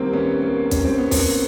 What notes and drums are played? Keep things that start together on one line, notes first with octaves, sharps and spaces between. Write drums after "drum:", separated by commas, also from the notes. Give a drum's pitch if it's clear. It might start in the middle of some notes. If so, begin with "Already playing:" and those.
Already playing: C2 C3 D#3 A#3 C4
B3 C#4
A#3
C#4, drum: kick, hi-hat
C4
B3
A#3 C4, drum: kick, open hi-hat